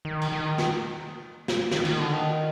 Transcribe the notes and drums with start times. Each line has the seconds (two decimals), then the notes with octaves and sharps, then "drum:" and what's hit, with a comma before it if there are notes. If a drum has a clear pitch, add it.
0.05 D#3
0.22 drum: cymbal
0.32 D#3
0.58 drum: snare
1.48 drum: snare
1.71 D#3, drum: snare
1.85 D#3, drum: cymbal
1.99 D3
2.13 D#3